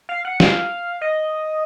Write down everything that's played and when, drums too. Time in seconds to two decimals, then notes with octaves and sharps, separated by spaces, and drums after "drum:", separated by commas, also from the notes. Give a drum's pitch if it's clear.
0.09 F5
0.25 F#5
0.40 F5, drum: snare
1.01 D#5